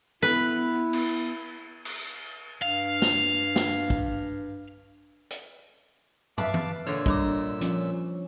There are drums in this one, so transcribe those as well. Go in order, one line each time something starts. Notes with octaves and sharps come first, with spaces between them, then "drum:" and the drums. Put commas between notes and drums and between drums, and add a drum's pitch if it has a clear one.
B3 E4 B4
drum: cymbal
drum: cymbal
G2 F5
drum: snare
drum: snare
drum: kick
drum: hi-hat
B4 E5 F5 A5 D6, drum: tom
drum: tom
A#2 D3 F4 C#5 E6
G3 D4 D6, drum: kick
F3 C#4, drum: hi-hat